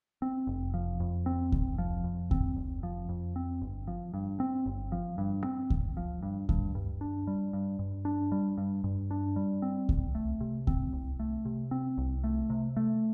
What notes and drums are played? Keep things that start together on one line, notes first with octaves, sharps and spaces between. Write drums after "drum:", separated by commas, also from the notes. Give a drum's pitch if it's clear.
C4
F1
F3
F2
C4
F1, drum: kick D2
F3
F2
C4, drum: kick D2
F1
F3
F2
C4
G1
F3
G2
C4
G1
F3
G2
C4
G1, drum: kick D2
F3
G2
G2, drum: kick D2
G2
D4
G3
G2
G2
D4
G3
G2
G2
D4
G3
C4
C2, drum: kick D2
A3
C3
C4, drum: kick D2
C2
A3
C3
C4
C2
A3
C3
A3